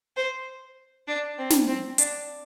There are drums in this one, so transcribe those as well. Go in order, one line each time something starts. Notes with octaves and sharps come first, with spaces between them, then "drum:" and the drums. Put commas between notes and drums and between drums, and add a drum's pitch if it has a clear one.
C5
D4
C4
drum: snare
C4
D4, drum: hi-hat